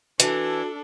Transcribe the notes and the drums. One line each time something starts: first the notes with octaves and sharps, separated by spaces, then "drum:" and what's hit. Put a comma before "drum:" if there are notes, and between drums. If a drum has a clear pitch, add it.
E3 D4 F#4 A4, drum: hi-hat